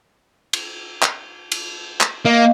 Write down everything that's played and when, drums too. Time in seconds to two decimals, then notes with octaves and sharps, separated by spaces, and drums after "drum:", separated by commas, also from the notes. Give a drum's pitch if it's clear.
0.53 drum: cymbal
1.02 drum: clap
1.52 drum: cymbal
2.01 drum: clap
2.25 A#3 D#5 F5